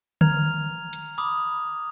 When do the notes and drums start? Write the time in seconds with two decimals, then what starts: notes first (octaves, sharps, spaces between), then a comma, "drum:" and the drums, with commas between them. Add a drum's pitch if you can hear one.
0.21 A#5 F6 G#6 F7, drum: tom D3
0.93 drum: hi-hat
1.18 B5 D6 D#6